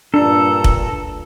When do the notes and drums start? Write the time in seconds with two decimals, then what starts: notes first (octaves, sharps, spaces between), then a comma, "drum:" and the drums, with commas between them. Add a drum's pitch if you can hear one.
0.14 G2 A#2 D4 A4 A#5
0.64 drum: kick